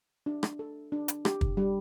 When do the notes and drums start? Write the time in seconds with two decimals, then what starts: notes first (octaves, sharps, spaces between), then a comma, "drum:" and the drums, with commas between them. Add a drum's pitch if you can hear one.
0.26 D4
0.43 drum: rim click
0.59 A4
0.92 D4
1.08 drum: hi-hat
1.25 G4, drum: rim click
1.41 drum: kick
1.57 G3